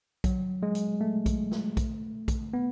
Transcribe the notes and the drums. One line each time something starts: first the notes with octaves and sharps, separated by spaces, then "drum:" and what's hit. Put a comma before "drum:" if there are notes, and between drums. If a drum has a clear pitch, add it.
F#3, drum: kick A#1, hi-hat
G#3
drum: hi-hat
A3
drum: kick A#1, hi-hat
drum: snare
drum: kick A#1, hi-hat
drum: kick A#1, hi-hat
B3